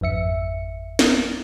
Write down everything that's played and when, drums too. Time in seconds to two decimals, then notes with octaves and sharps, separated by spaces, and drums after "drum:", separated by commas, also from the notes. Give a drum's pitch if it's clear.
0.01 G#1 F2 E5 C#7
0.99 drum: snare